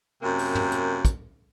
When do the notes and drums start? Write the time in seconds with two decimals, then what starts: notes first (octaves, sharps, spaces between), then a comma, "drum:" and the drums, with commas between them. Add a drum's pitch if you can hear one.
0.22 F#2 C3 A#3
0.39 drum: open hi-hat
0.55 drum: tom
0.72 drum: hi-hat
1.05 drum: kick, hi-hat